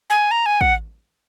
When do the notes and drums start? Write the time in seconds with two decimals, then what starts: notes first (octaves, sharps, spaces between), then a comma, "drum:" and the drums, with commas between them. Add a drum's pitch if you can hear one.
0.10 G#5
0.31 A#5
0.46 G#5
0.61 F#5, drum: kick